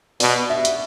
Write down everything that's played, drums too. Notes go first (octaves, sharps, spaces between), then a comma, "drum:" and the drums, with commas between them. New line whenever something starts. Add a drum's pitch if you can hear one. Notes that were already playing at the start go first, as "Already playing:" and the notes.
B2 D5, drum: open hi-hat
E5
drum: hi-hat